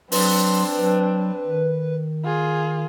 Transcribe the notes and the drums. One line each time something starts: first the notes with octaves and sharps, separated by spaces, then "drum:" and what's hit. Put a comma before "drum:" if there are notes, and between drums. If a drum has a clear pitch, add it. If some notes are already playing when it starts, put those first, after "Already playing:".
F#3 C4 D4 B4 C6, drum: open hi-hat
F#3
D#3
F4 G#4